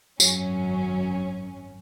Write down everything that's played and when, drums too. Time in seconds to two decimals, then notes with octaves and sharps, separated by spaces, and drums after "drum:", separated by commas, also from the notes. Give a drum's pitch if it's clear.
0.20 G#1 F#2 F#3 C#4, drum: tambourine